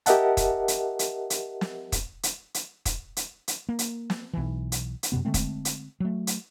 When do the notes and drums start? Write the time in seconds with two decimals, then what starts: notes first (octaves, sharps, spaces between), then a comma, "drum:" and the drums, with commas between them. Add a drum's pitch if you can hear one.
0.06 G4 A#4 D#5 E5 F#5 A5, drum: hi-hat
0.37 drum: kick, hi-hat
0.68 drum: hi-hat
0.99 drum: hi-hat
1.30 drum: hi-hat
1.61 drum: snare
1.92 drum: kick, hi-hat
2.23 drum: hi-hat
2.54 drum: hi-hat
2.85 drum: kick, hi-hat
3.17 drum: hi-hat
3.48 drum: hi-hat
3.69 A#3
3.79 drum: hi-hat
4.10 drum: snare
4.33 B1 E3
4.72 drum: hi-hat
5.03 drum: hi-hat
5.12 F#2 A2 C3 B3
5.25 D3 G#3 A3 C4
5.34 drum: kick, hi-hat
5.65 drum: hi-hat
6.00 F#3 A3
6.27 drum: hi-hat